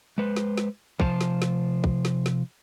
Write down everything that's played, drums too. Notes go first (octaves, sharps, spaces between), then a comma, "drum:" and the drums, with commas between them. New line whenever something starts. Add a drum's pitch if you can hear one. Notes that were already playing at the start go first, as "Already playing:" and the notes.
G#3 B4 C5
drum: snare
drum: snare
C3 F3 C5 A5, drum: kick
drum: snare
drum: snare
drum: kick
drum: snare
drum: snare